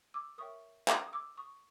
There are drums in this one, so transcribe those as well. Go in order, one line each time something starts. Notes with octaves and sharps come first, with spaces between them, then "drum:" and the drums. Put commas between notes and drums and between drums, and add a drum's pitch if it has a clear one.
D6 E6
A#4 C#5 E5 G5 C#6 D#6
drum: clap
D#6
D6 E6
C#6 D#6